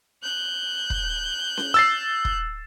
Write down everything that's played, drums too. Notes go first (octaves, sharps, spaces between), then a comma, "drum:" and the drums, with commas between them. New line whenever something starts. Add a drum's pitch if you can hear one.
F#6 G6
drum: kick
drum: snare C#4
E6 A6 C7
drum: kick